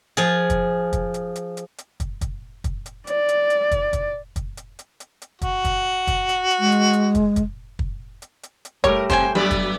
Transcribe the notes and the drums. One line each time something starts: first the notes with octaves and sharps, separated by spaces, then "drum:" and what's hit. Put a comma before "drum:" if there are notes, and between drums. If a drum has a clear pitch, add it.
F3 G#4
drum: kick, hi-hat
drum: kick, hi-hat
drum: hi-hat
drum: hi-hat
drum: hi-hat
drum: hi-hat
drum: kick, hi-hat
drum: kick, hi-hat
drum: kick, hi-hat
drum: hi-hat
D5, drum: hi-hat
drum: hi-hat
drum: hi-hat
drum: kick, hi-hat
drum: kick, hi-hat
drum: kick, hi-hat
drum: hi-hat
drum: hi-hat
drum: hi-hat
drum: hi-hat
F#4, drum: kick, hi-hat
drum: kick, hi-hat
drum: kick, hi-hat
drum: hi-hat
drum: hi-hat
G#3
drum: hi-hat
drum: hi-hat
drum: kick, hi-hat
drum: kick, hi-hat
drum: kick
drum: hi-hat
drum: hi-hat
drum: hi-hat
G3 A3 A#4 C#5, drum: kick, hi-hat
C3 C5 G5 G#5, drum: kick, hi-hat
G2 F#3 B3 D5 B5
drum: kick, hi-hat